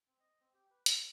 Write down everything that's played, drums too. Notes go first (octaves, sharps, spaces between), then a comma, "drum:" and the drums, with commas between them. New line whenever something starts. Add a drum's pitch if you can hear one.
C4
D#5
C4
G4
B4
C5, drum: hi-hat
F5